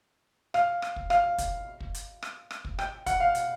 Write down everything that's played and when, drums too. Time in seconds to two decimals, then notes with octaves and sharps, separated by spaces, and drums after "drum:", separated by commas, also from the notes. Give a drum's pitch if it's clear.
0.54 F5, drum: rim click
0.82 drum: rim click
0.96 drum: kick
1.10 F5, drum: rim click
1.38 drum: kick, hi-hat
1.80 drum: kick
1.94 drum: hi-hat
2.23 drum: rim click
2.51 drum: rim click
2.65 drum: kick
2.79 G5, drum: rim click
3.06 F#5, drum: kick, hi-hat
3.20 F5
3.35 drum: hi-hat